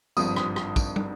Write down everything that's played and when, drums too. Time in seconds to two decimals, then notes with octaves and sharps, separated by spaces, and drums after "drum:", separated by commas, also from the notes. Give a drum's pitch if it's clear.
0.17 G#1 G2 F3 D#6, drum: tambourine
0.36 drum: rim click
0.56 drum: rim click
0.76 drum: kick, tambourine
0.96 drum: tom